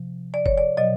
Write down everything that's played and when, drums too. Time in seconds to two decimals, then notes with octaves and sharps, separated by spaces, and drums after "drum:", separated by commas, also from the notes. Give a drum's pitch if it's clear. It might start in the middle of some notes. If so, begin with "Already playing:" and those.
Already playing: C3 F3
0.34 D5
0.46 C#5, drum: kick F#1
0.58 D5
0.77 B2 F#3 D#5